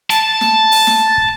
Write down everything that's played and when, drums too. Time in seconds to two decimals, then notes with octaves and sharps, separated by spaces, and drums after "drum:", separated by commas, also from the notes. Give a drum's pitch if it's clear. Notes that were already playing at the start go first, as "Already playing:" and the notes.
0.10 A5, drum: hi-hat
0.41 drum: snare
0.72 drum: open hi-hat
0.87 drum: snare
1.18 drum: kick